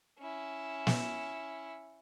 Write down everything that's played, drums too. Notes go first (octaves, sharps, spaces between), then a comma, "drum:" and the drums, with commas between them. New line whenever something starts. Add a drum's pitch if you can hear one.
C#4 E4
drum: snare